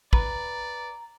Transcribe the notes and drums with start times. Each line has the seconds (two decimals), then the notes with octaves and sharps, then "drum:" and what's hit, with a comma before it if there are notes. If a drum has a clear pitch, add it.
0.13 B4 D5 A#5, drum: kick